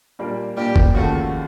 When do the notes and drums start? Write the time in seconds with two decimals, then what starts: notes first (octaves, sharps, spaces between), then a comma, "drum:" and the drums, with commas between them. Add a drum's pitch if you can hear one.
0.19 A#2 G3 A#3 D4
0.57 A#2 G3 A#3 D4 G4
0.76 drum: kick F#1
0.94 D#2 C#3 F3 A3 F#4